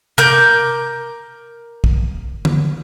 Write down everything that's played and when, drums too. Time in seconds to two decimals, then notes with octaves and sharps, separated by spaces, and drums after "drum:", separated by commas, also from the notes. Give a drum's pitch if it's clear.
0.18 A#4 D6 G6, drum: tom C3
1.84 drum: kick
2.45 drum: tom D3